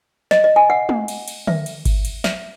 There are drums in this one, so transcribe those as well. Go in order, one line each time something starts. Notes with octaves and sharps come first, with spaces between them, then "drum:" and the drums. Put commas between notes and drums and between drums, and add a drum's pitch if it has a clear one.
D#5, drum: snare
D#5
G#5
F#5
drum: tom
drum: cymbal
drum: cymbal
E5, drum: tom D3
drum: cymbal
drum: kick G1, cymbal
drum: cymbal
E5, drum: snare